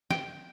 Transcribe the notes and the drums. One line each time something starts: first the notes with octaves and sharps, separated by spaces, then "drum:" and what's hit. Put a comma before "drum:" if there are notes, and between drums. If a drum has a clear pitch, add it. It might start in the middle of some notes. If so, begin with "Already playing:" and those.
G5, drum: snare